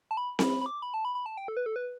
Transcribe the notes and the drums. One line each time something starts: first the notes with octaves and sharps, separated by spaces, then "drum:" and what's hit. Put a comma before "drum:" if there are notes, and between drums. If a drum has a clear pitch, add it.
A5
B5
B5, drum: snare C4
B5
B5
D6
B5
A5
B5
B5
A5
G5
A4
B4
A4
B4